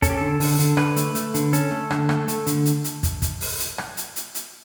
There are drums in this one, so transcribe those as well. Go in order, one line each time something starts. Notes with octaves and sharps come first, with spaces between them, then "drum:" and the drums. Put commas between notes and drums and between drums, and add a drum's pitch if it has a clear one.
C#4 A4, drum: kick, hi-hat
G4
D3 A4
D3, drum: open hi-hat
D3, drum: hi-hat
D3 B4, drum: rim click
A3, drum: hi-hat
A3, drum: hi-hat
D3, drum: hi-hat
C#4 A4, drum: hi-hat
A3
D3, drum: rim click
A3, drum: rim click
A3, drum: hi-hat
D3, drum: hi-hat
drum: hi-hat
drum: hi-hat
drum: kick, hi-hat
drum: kick, hi-hat
drum: open hi-hat
drum: hi-hat
drum: rim click
drum: hi-hat
drum: hi-hat
drum: hi-hat